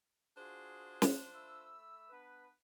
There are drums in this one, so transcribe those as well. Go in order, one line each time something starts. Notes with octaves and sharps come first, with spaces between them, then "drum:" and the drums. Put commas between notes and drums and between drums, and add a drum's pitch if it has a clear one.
D4 F4 F#4 G#4 C5
drum: snare
A3 B5 E6
B3 D4 B4